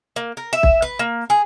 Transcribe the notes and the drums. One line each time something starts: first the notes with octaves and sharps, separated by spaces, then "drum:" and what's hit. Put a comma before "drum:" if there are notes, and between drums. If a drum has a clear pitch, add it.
A#3
A#4
E5
drum: kick
B4
A#3
G#4